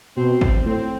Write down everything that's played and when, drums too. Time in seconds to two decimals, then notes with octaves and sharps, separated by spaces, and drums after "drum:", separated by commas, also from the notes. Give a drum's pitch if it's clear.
0.17 B2 C4
0.41 drum: kick G#1
0.65 A2 C4